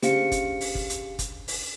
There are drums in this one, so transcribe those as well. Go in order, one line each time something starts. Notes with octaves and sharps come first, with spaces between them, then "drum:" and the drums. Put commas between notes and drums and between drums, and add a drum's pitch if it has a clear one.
C#3 D4 G4 C5 F5 C#7, drum: hi-hat
drum: kick, hi-hat
drum: open hi-hat
drum: kick
drum: hi-hat
drum: kick, hi-hat
drum: open hi-hat